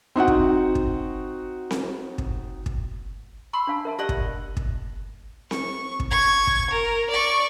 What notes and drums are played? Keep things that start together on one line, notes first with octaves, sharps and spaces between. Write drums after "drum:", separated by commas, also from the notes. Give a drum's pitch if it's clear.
C4 D#4 F#4 F#5
drum: kick
drum: kick
drum: snare C4
drum: kick
drum: kick
B5 C6 E6
D4 F5 A5
A#4 E5 A5
G4 D5 D#5 F#5 A5
drum: kick
drum: kick
C#6, drum: snare C4
drum: kick
C#6 G#6
drum: kick
A#4
D5 C#6